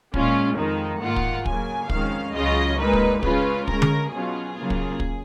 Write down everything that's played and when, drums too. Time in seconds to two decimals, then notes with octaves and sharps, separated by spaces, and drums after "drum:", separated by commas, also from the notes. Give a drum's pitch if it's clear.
0.14 A#2 G#3 C#4 F4, drum: kick
0.57 F2 D#3 G#3 D#4
1.01 G#2 D#3 A#3 F4 F#5
1.16 drum: kick
1.46 C#3 F#3 A#3 G#5, drum: kick
1.89 F2 D#3 G#3 C#4 F5, drum: kick
2.34 C#2 C#3 F#3 C#4 F4 D#5
2.78 A#2 G#3 D#4 B4
2.93 drum: kick
3.23 C#3 G#3 C#4 F4 B4, drum: kick
3.68 C#3 G#3 C#4 A#4, drum: kick
3.82 drum: tom D3
4.11 B2 F#3 C#4 F4 G#4
4.55 C#3 F#3 A#3 F4
4.70 drum: kick
5.00 drum: kick